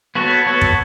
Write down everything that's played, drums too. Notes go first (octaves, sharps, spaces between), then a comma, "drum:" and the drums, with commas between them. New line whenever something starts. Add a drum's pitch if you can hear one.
B3 F#4 A4 C#5
B3 F#4 A4 C#5
drum: kick